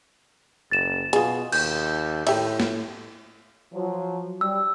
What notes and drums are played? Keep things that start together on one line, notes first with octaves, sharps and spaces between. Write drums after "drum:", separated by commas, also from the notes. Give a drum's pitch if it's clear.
F#1 A6 E7
B2 F4 G#4, drum: hi-hat
D#2 G6, drum: cymbal
A2 G4 E5, drum: cymbal
drum: snare
F3 F#3
G3 E6